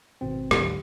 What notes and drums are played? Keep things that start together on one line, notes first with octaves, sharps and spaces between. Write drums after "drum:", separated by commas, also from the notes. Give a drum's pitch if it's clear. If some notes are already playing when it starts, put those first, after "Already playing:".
G#1 B2 C4
D2 G#2 F#3 G4, drum: rim click